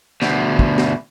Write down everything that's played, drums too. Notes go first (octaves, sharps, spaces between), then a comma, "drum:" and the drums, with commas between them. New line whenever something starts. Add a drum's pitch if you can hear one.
D2 B2, drum: snare
drum: kick
drum: snare